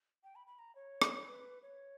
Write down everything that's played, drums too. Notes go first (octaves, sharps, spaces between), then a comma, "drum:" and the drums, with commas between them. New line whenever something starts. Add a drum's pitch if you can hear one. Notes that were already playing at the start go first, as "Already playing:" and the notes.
G5
B5
B5
A#5
C#5
drum: rim click
B4
C#5